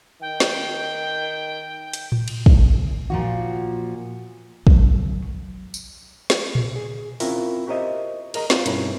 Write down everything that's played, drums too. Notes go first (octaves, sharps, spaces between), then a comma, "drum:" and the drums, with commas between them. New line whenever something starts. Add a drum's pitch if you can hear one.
D#3 G5
drum: snare
drum: hi-hat
drum: tom A2
drum: cymbal
drum: kick
A#2 F3 F#4
F#3, drum: kick
drum: tambourine
drum: snare
drum: tom A#2
G#4
C4 C#4 E4 F4 A#4 E5, drum: open hi-hat
F#4 G4 A#4 C5 D#5 E5
G#4 A#4 D#5 A#5, drum: cymbal
B3 C4 D#4 F4, drum: snare
G2 B2 C#4 E4 A#4 B4, drum: hi-hat